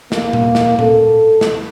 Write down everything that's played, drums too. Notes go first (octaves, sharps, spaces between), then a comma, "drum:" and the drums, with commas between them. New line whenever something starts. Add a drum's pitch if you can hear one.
A#3, drum: snare
drum: tom A#2
drum: snare
A4, drum: tom A#2
drum: snare